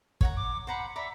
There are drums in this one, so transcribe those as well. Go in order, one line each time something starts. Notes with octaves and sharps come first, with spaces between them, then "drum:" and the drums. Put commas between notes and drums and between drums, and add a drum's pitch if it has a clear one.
C#5 F#5 A#5, drum: kick
D6
C5 F#5 A#5 B5
D5 E5 A#5 B5